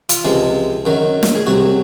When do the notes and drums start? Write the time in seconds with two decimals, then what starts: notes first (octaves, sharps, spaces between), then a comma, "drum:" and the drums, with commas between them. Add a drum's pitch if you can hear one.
0.09 F4, drum: hi-hat
0.25 C#2 C3 F3 G#3
0.85 F#2 D#3 F#3
1.23 drum: snare
1.35 G#4
1.47 C2 C3 F#3 F#4